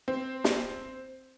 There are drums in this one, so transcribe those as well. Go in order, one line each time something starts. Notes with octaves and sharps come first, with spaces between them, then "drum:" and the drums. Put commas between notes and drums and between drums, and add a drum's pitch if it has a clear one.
C4
drum: snare